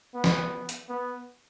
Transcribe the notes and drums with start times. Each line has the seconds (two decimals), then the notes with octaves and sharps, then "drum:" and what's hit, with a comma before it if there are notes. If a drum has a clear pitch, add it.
0.15 B3
0.24 drum: snare
0.69 drum: hi-hat
0.89 B3